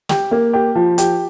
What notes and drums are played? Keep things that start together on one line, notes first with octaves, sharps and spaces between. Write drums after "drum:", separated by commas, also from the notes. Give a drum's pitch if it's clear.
G4, drum: snare
A#3
G4
F3
G4, drum: hi-hat